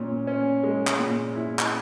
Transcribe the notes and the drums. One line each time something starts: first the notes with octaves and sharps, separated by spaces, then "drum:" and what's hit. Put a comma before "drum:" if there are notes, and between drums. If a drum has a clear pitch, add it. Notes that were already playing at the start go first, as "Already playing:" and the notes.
Already playing: A#2 C#4
C#4
G#3
drum: clap
A#2
E4
drum: clap